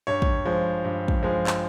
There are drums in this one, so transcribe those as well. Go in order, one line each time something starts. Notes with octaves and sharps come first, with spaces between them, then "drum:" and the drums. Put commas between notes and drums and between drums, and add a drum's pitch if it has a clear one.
G2 C#5
drum: kick
F3 G#3
G2
drum: kick
F3 G#3
drum: clap